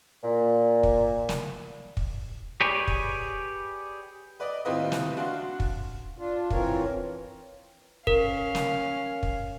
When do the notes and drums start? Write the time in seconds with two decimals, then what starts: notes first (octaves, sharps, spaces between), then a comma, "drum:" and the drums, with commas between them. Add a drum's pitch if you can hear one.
0.24 A#2
0.83 drum: kick
1.29 drum: snare
1.97 drum: kick
2.61 G4 G#4 B4 C#5 D5
2.88 drum: kick
4.40 B4 D5 D#5
4.65 D#2 A2 C4 F4 B4 D#5
4.92 drum: snare
5.17 D4 F#4 F5 C6
5.60 drum: kick
6.18 D4 F4
6.50 E3 C4 F4 A#4 C#5, drum: kick
8.07 C#4 A#4 F5, drum: kick
8.55 drum: snare
9.23 drum: kick